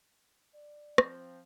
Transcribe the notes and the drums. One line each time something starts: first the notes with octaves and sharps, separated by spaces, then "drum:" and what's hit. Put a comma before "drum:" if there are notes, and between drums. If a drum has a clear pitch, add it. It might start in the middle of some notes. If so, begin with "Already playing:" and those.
D5
F3 C4, drum: rim click